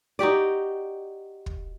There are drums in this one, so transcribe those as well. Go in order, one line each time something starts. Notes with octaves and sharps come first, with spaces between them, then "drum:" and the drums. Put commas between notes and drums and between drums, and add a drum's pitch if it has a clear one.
D#4 F#4 G4 D5
drum: kick